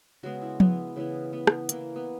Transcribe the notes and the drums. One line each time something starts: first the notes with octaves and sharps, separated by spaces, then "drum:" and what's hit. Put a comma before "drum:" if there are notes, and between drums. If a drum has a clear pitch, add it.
C#3 G#3 B3 F#4
E4
B3, drum: tom F3
C#3 E3 B3
B3
drum: rim click
E3 A#3, drum: hi-hat
B3